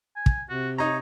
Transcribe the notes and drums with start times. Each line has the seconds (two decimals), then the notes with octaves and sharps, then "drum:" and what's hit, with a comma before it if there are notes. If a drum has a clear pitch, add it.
0.16 G#5
0.26 drum: kick
0.50 C3 F#4
0.78 D#4 C#5 A#5